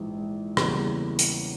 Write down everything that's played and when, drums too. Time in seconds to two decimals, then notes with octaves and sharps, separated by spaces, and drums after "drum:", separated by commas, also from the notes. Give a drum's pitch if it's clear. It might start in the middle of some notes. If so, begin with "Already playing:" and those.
Already playing: A#1 G#2 E3
0.57 E2 C#3 E3 G3 A#3, drum: rim click
1.19 drum: hi-hat